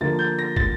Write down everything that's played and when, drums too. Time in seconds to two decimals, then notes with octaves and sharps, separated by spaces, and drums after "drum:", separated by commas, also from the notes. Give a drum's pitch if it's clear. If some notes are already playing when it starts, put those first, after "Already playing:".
0.01 D3 F3 A#3 A6
0.19 G6
0.39 A#6
0.56 A6, drum: kick